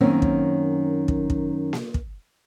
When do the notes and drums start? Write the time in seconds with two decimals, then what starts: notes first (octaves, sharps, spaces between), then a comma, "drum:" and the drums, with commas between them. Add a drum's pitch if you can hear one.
0.01 F#2 D#3 A#3 C4 C#4
0.22 drum: kick
1.08 drum: kick
1.30 drum: kick
1.73 drum: snare A#3
1.94 drum: kick